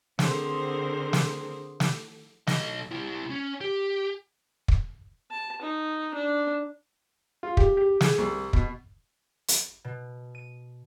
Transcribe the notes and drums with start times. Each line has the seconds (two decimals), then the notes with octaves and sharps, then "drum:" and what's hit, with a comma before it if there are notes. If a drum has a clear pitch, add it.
0.19 D3 C4 G#4 A#4 C5, drum: snare
1.13 drum: snare
1.80 drum: snare
2.47 B1 D#5, drum: snare
2.91 C3 E4
3.30 C#4
3.61 G4
4.68 drum: kick
5.31 A5
5.61 D#4
6.14 D4
7.43 F4
7.57 G4, drum: kick
7.77 G4
8.01 G#4, drum: snare
8.18 C2
8.53 B2, drum: kick
9.48 drum: hi-hat
9.84 B2
10.35 D#7